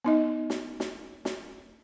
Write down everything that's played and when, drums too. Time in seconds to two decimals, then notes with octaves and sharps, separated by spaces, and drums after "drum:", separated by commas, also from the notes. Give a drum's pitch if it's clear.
0.05 B3 D#4 D#5
0.50 drum: snare
0.80 drum: snare
1.25 drum: snare